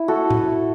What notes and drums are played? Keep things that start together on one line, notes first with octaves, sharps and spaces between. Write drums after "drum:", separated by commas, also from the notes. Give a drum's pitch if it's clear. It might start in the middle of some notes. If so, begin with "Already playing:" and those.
Already playing: E4
F#4 A4
drum: tom A2